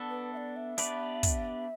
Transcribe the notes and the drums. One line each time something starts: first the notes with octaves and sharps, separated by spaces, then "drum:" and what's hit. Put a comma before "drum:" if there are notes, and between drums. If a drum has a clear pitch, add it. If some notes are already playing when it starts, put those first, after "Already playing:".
Already playing: B3 D4 A4
B4
E5
D5
E5
B3 D4 G4 B4 D5, drum: hi-hat
drum: kick, hi-hat